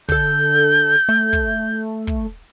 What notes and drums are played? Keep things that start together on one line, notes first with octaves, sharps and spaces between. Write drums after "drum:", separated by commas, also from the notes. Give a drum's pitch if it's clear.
D3 A4 G6, drum: kick
A3
drum: kick, hi-hat
drum: kick